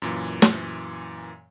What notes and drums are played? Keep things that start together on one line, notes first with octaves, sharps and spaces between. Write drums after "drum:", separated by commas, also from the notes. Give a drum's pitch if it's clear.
F#2 A#2 E3
drum: snare